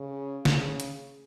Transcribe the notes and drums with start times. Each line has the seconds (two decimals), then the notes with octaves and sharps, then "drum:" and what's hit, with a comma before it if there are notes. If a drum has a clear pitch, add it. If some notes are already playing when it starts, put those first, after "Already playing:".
Already playing: C#3
0.45 C#3, drum: snare
0.80 drum: hi-hat